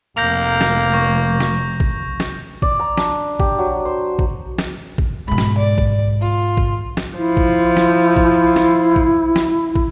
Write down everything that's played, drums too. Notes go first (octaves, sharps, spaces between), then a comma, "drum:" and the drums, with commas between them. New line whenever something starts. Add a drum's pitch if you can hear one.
F1 A#3 G6 A#6 F7
drum: snare
C#6 A#6
drum: snare
drum: kick
drum: snare
D5, drum: kick
A#5
D4, drum: snare
G4, drum: kick
F#3
C5
drum: kick
drum: snare
drum: kick
G#2 B2 B5
drum: snare
D5
drum: kick
F4
drum: kick
drum: snare
F3 E4
drum: kick
drum: snare
drum: kick
drum: snare
drum: kick
drum: snare
drum: kick